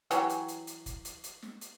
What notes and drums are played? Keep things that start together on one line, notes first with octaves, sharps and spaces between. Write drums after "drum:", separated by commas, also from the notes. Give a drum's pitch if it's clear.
E3 F#3 G4, drum: hi-hat
drum: hi-hat
drum: hi-hat
drum: hi-hat
drum: kick, hi-hat
drum: hi-hat
drum: hi-hat
drum: snare
drum: hi-hat